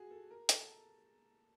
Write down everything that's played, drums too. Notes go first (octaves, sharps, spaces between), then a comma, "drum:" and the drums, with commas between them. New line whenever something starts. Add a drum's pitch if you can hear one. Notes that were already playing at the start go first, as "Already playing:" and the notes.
Already playing: F#4 G#4
A4
A#4
A4, drum: hi-hat